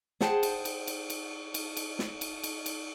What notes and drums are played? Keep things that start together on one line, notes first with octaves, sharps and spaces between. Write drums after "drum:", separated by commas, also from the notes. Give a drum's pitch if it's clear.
G#4 C5 F#5 G5 A5, drum: snare
drum: cymbal
drum: cymbal
drum: cymbal
drum: cymbal
drum: cymbal
drum: cymbal
drum: snare
drum: cymbal
drum: cymbal
drum: cymbal